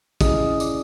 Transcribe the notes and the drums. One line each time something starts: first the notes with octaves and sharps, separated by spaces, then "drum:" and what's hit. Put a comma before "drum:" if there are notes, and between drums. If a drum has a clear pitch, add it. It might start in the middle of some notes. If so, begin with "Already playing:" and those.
C#4 E4 G#4 D#5 D#6, drum: kick, tambourine
D5 D6, drum: tambourine